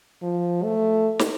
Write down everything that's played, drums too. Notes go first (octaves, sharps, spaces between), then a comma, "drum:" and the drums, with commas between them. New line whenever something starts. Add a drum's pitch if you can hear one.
F3
A3
drum: snare